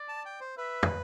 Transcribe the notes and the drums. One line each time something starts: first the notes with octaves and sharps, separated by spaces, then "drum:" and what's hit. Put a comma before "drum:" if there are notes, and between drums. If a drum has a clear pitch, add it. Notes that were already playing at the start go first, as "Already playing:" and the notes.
Already playing: D5
A5
G5
C5
B4 E5
drum: tom